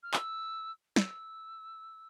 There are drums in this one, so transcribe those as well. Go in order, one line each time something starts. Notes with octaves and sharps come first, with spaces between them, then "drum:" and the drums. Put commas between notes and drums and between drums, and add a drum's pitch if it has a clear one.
F6
E6, drum: clap
E6, drum: snare